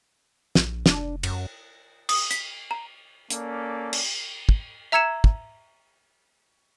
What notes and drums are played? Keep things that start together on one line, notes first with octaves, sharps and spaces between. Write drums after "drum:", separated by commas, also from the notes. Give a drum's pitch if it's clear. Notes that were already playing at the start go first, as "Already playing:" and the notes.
A#1, drum: snare
F1 D4, drum: snare
F#2, drum: cymbal
D#6, drum: cymbal
B6, drum: hi-hat
A#5
A#3 C#4 A4 D5, drum: hi-hat
drum: cymbal
drum: kick
E5 A#5 E6 G#6 C#7 E7
drum: kick